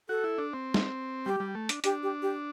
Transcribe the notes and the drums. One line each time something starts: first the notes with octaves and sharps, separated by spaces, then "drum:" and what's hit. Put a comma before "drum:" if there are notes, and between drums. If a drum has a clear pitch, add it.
F#4 A4
E4
D4
C4
drum: snare
G3 G4
G3
A3
D4, drum: hi-hat
D4 G4, drum: hi-hat
G4
G4